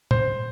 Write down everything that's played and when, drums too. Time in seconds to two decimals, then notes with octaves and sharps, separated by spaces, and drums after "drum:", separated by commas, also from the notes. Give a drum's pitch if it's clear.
0.11 C5, drum: tom